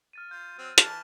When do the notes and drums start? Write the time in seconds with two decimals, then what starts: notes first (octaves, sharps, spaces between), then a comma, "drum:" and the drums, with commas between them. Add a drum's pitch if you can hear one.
0.13 F6 A6 D#7
0.31 F4 G6
0.58 F#3 C4 G6
0.78 E3 A5 F6, drum: hi-hat